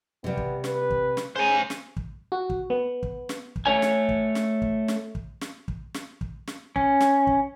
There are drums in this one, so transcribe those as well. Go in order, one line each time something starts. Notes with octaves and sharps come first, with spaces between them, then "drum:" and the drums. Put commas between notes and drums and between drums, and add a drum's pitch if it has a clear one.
C3 G3 B3
drum: kick
B4, drum: snare
drum: kick
drum: snare
C#3 C5 G#5
drum: snare
drum: kick
F#4
drum: kick
B3
drum: kick
drum: snare
drum: kick
A3 C#5 G#5
drum: snare
drum: kick
drum: snare
drum: kick
drum: snare
drum: kick
drum: snare
drum: kick
drum: snare
drum: kick
drum: snare
C#4, drum: kick
drum: snare
drum: kick